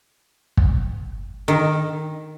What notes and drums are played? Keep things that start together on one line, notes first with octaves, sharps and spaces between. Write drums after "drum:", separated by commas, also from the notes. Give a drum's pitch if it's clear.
drum: kick
D#3